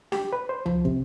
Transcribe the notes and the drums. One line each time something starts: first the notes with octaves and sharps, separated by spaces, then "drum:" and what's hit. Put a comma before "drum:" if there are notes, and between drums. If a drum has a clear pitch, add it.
G4, drum: snare D4
B4
C5
F3, drum: tom C#2
C3, drum: kick